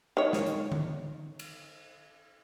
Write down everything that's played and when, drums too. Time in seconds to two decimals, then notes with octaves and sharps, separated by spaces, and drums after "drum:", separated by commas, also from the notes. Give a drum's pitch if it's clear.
0.17 D#3 C#5
0.33 drum: snare
0.46 drum: hi-hat
0.72 drum: tom D3
1.39 drum: cymbal